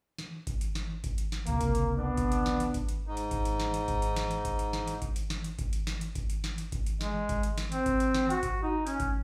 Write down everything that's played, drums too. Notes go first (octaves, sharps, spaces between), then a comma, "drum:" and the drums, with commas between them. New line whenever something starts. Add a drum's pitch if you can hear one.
drum: snare
drum: kick G#1, hi-hat
drum: hi-hat
drum: snare
drum: kick G#1, hi-hat
drum: hi-hat
drum: snare
C#2 C3 A#3, drum: hi-hat
drum: kick G#1, hi-hat
drum: hi-hat
B3 D4
drum: kick G#1, hi-hat
drum: hi-hat
drum: snare
drum: hi-hat
drum: kick G#1, hi-hat
drum: hi-hat
G#2 D#4
drum: hi-hat
drum: kick G#1, hi-hat
drum: hi-hat
drum: snare
drum: hi-hat
drum: kick G#1, hi-hat
drum: hi-hat
drum: snare
drum: hi-hat
drum: kick G#1, hi-hat
drum: hi-hat
drum: snare
drum: hi-hat
drum: kick G#1, hi-hat
drum: hi-hat
drum: snare
drum: hi-hat
drum: kick G#1, hi-hat
drum: hi-hat
drum: snare
drum: hi-hat
drum: kick G#1, hi-hat
drum: hi-hat
drum: snare
drum: hi-hat
drum: kick G#1, hi-hat
drum: hi-hat
G#3, drum: snare
drum: kick G#1, hi-hat
drum: hi-hat
drum: snare
C4, drum: hi-hat
drum: kick G#1, hi-hat
drum: hi-hat
drum: snare
F#4, drum: hi-hat
drum: kick G#1, hi-hat
D#4
C#4, drum: hi-hat
drum: kick G#1, hi-hat